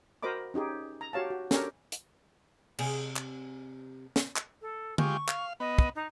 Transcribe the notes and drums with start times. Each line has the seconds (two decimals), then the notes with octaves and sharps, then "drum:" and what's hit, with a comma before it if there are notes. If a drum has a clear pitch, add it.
0.23 F#4 A#4 C5 D#5 B5 D6
0.54 C#4 D#4 G4 G#4
1.01 A#5
1.13 F#4 G4 C#5 F5 A5
1.30 F#4
1.51 C#4 D4 G4 A4 A#4 C#5, drum: snare
1.92 drum: hi-hat
2.79 C3 G#4, drum: cymbal
3.16 drum: clap
4.16 drum: snare
4.36 drum: clap
4.62 A4
4.98 G#3 F4 G4 C#6, drum: tom D3
5.28 F5, drum: clap
5.60 B3 D#5
5.78 drum: kick
5.95 D#4